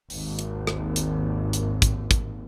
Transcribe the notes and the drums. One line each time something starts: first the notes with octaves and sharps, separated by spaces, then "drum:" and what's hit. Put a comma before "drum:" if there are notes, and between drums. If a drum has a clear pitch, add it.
G#1 D#2, drum: open hi-hat
drum: hi-hat
drum: rim click
drum: hi-hat
drum: hi-hat
drum: kick, hi-hat
drum: kick, hi-hat